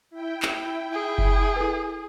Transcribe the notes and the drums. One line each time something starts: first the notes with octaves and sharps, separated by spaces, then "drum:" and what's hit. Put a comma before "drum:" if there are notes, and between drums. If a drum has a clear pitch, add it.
E4 G5
drum: clap
G#4
drum: kick F#1
E4 A4 B4